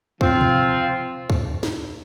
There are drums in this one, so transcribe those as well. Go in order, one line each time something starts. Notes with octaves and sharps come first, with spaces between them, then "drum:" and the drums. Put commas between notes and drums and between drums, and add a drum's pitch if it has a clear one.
F3 C4 F4, drum: kick
drum: tom B2
drum: kick
drum: snare